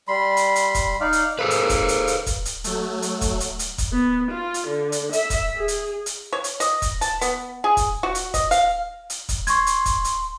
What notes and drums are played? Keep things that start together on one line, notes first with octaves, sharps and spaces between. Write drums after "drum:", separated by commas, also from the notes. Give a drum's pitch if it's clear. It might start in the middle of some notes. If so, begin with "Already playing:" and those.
G3 B5 C6
drum: hi-hat
drum: hi-hat
drum: kick, hi-hat
D#4 D5 F5
drum: hi-hat
A#3 G#4 A4 B4
drum: hi-hat
drum: kick, hi-hat
drum: hi-hat
drum: hi-hat
drum: kick, hi-hat
drum: hi-hat
F#3 A3, drum: hi-hat
drum: hi-hat
drum: kick, hi-hat
drum: hi-hat
drum: hi-hat
drum: kick, hi-hat
B3
F4
drum: hi-hat
D3
drum: hi-hat
E5, drum: hi-hat
drum: kick, hi-hat
G#4
drum: hi-hat
drum: hi-hat
C#5
drum: hi-hat
D#5, drum: hi-hat
drum: kick, hi-hat
A5, drum: hi-hat
B3, drum: hi-hat
G#4
drum: kick, hi-hat
F#4
drum: hi-hat
D#5, drum: kick, hi-hat
F5, drum: hi-hat
drum: hi-hat
drum: kick, hi-hat
C6 C#6 G#6, drum: hi-hat
drum: hi-hat
drum: kick, hi-hat
drum: hi-hat